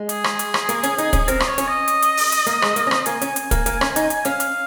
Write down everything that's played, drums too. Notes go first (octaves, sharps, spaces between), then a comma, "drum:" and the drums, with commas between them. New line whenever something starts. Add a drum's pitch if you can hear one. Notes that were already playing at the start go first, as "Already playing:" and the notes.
Already playing: G#3
G#4, drum: hi-hat
drum: rim click
drum: hi-hat
drum: rim click
A#3, drum: hi-hat
C#4, drum: hi-hat
D#4, drum: hi-hat
C#4, drum: kick, hi-hat
G#4
C4 A#4, drum: hi-hat
D#5, drum: rim click
C#5
C#4, drum: hi-hat
D#5
drum: hi-hat
drum: hi-hat
drum: open hi-hat
drum: hi-hat
A#3, drum: hi-hat
G#3, drum: rim click
A#3, drum: hi-hat
C#4
C4, drum: rim click
A#3 G#5, drum: hi-hat
C#4, drum: hi-hat
drum: hi-hat
A#3, drum: kick, hi-hat
A#3, drum: hi-hat
C#4, drum: rim click
D#4, drum: hi-hat
drum: hi-hat
C#4 F5, drum: hi-hat
drum: hi-hat